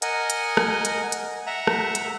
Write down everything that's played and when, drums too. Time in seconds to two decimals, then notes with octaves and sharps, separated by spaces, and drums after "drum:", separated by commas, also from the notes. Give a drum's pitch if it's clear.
0.02 A#4 D#5 F#5 G#5, drum: hi-hat
0.30 drum: hi-hat
0.57 drum: rim click
0.85 drum: hi-hat
1.12 drum: hi-hat
1.47 E5 F#5 A#5
1.67 drum: rim click
1.95 drum: hi-hat